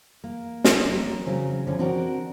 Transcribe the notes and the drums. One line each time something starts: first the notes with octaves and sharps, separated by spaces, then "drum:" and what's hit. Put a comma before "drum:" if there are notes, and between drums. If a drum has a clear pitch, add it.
A#3
drum: snare
F#3 A#4
C#3 F#3 C4
D3 E3 F3 C#4
C4 D4 F#4 A#4